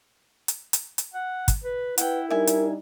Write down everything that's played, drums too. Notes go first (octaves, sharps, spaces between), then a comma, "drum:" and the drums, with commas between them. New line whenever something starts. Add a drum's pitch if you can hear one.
drum: hi-hat
drum: hi-hat
drum: hi-hat
F#5
drum: kick, hi-hat
B4
E4 B4 F#5 G5, drum: hi-hat
G3 D4 D#4 A#4 E5 G#5
drum: hi-hat